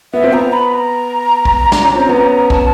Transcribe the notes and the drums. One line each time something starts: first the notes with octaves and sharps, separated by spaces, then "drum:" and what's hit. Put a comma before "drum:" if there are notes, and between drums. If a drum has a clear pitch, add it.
B3 E5
C4
B3 A#5
B5
A#5
drum: kick B1
D4, drum: snare
C#4
C4
B3 C#4
A5, drum: kick B1